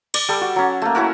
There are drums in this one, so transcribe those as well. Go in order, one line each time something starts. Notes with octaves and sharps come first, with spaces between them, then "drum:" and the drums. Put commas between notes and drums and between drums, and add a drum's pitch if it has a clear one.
D5, drum: cymbal
G3 A4
F#4
F#3 C#4
A3 A#3
C#4 E4 F#4 A#4